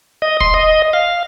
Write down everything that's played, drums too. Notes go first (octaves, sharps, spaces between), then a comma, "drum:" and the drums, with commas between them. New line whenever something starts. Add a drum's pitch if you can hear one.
D#5
C6, drum: kick
D#5
F5